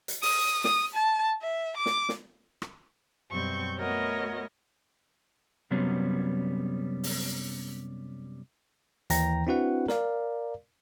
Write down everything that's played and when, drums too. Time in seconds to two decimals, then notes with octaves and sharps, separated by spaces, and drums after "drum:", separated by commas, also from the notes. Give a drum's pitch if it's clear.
0.08 drum: hi-hat
0.23 D#6, drum: open hi-hat
0.64 D#6, drum: snare
0.94 A5
1.42 E5
1.77 D6
1.86 drum: snare
2.09 drum: snare
2.62 drum: rim click
3.30 F#2 B2 G3 C4 C#6 G6
3.78 A3 B3 F#4 A#4 C#5 D#5
5.71 F#2 C3 F#3 G3 B3 C#4
7.04 drum: open hi-hat
9.10 D#2 E3 G5 A#5 A#6, drum: hi-hat
9.47 C4 D4 E4 F#4 B4 F#5
9.88 A#4 D5 F5, drum: snare